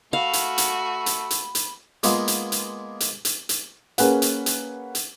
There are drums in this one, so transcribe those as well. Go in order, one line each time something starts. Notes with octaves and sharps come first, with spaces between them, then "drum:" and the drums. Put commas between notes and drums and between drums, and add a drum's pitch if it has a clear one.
A3 F#4 F5 B5
drum: hi-hat
drum: hi-hat
drum: hi-hat
drum: hi-hat
drum: hi-hat
G#3 A#3 B3 F4, drum: hi-hat
drum: hi-hat
drum: hi-hat
drum: hi-hat
drum: hi-hat
drum: hi-hat
A#3 C#4 G#4 B4 F#5, drum: hi-hat
drum: hi-hat
drum: hi-hat
drum: hi-hat